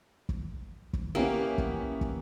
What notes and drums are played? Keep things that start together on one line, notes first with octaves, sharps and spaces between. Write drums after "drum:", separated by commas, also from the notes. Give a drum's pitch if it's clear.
drum: kick
drum: kick
A#3 B3 C#4 E4 G4
drum: kick
drum: kick